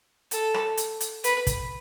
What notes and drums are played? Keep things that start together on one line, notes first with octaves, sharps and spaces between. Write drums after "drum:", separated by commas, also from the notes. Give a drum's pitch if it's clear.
A4, drum: hi-hat
drum: rim click
drum: hi-hat
drum: hi-hat
B4, drum: hi-hat
drum: kick, hi-hat